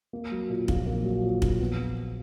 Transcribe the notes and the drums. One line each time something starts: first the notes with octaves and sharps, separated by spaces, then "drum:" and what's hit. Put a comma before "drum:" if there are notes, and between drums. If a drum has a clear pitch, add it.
A#3
F#3
A#2
A#1, drum: kick
A#3
F#3
A#2
A#1, drum: kick
B3